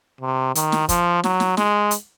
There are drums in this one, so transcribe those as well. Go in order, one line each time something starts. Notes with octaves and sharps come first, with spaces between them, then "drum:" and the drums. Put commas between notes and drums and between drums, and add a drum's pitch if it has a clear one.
C3
D#3, drum: hi-hat
drum: snare
F3, drum: kick, hi-hat
F#3, drum: snare
drum: snare
G#3, drum: snare
drum: hi-hat